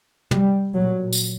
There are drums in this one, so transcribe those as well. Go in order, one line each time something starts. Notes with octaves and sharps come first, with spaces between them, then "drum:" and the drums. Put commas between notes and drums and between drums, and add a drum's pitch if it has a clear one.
G3, drum: tom
A#2 F#3
drum: tambourine